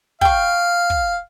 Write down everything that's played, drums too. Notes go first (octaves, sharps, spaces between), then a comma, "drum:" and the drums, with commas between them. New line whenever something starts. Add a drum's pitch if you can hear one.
F5 G5 C#6, drum: kick
drum: kick